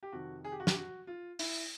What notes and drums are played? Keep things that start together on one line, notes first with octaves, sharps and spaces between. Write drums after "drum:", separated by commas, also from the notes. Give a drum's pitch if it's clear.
G4
F2 C3 D#3 F#4
G#4
G4
F#4
G4, drum: snare
F#4
F4
E4, drum: open hi-hat